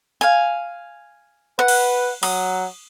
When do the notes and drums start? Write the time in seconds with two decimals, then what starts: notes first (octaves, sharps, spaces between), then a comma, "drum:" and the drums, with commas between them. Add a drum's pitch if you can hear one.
0.21 F5 G#5
1.59 B4 F#5
1.68 drum: cymbal
2.23 F#3 D#6, drum: cymbal